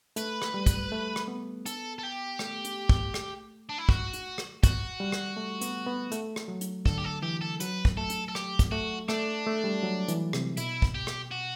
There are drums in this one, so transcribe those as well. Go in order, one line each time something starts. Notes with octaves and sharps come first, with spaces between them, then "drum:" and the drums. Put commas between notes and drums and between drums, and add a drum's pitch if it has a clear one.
A3 B4, drum: hi-hat
drum: rim click
G3
drum: kick, hi-hat
A3
drum: rim click
B3
A4, drum: hi-hat
A4
G4
A3, drum: rim click
drum: hi-hat
drum: kick
drum: rim click
D4
E4
F#4, drum: kick
drum: hi-hat
drum: rim click
F#4, drum: kick, hi-hat
G3
drum: rim click
A3
B3, drum: hi-hat
B3
A3, drum: hi-hat
drum: rim click
F#3
drum: hi-hat
D3 A4, drum: kick
G4
A4
E3 G4
A4
F#3 B4, drum: hi-hat
drum: kick
A3 A4
drum: hi-hat
A4
G4, drum: rim click
drum: kick, hi-hat
A3 F#4
A3 D4, drum: rim click
A3
G3
F#3
E3, drum: hi-hat
C3, drum: rim click
B2 E4, drum: hi-hat
drum: kick
G4
drum: rim click
F#4